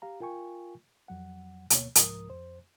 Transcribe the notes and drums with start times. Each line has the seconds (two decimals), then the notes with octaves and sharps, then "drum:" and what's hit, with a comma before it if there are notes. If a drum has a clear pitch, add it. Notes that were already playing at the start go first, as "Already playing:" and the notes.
0.02 G4 F5 A#5
0.21 F4 A#4 G5 G#5 C#6
1.08 F2 F#3 F#5
1.70 D2 B2 A#3 C#5, drum: hi-hat
1.95 C2 G#2 F3 A#4 D#6, drum: hi-hat
2.30 F2 C5